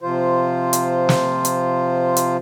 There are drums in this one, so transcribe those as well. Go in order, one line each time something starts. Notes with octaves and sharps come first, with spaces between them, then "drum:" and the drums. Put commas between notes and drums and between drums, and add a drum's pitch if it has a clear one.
C3 F3 F4 C5
drum: hi-hat
drum: snare
drum: hi-hat
drum: hi-hat